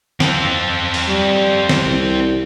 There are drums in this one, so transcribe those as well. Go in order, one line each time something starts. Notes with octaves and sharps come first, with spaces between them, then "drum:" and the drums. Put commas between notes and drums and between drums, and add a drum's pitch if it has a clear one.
C4 A4, drum: snare
drum: open hi-hat
G3
drum: snare
C2